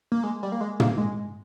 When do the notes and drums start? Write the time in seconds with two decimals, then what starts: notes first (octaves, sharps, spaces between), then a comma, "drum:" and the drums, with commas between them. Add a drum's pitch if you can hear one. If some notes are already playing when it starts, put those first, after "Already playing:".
0.12 A#3
0.23 G#3
0.43 G3
0.52 A#3
0.61 G#3
0.80 A#3, drum: tom
0.98 G#3